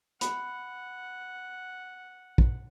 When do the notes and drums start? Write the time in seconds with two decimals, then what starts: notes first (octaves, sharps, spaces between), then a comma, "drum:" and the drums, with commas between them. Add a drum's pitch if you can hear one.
0.21 F#5 B5, drum: hi-hat
2.38 drum: kick